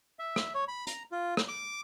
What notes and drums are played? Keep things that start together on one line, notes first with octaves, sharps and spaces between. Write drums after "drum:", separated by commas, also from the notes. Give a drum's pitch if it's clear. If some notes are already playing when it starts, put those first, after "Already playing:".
E5
drum: rim click
C#5
B5
A#5, drum: hi-hat
F4
drum: rim click
D6